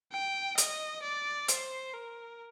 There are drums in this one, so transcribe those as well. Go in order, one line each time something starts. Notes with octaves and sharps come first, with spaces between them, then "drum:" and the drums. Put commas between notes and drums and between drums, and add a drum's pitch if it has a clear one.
G5
D#5, drum: hi-hat
D5
C5, drum: hi-hat
A#4